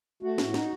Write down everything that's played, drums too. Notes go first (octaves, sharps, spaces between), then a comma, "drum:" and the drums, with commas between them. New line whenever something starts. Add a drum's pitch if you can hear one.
A3 F#4
A2, drum: snare
D#4, drum: snare